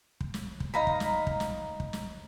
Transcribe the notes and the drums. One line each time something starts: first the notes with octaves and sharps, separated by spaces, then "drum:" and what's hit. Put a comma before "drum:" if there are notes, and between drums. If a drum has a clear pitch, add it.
drum: kick
drum: snare
drum: kick
D#4 F5 A#5 B5
drum: kick
drum: snare
drum: kick
drum: snare
drum: kick
drum: snare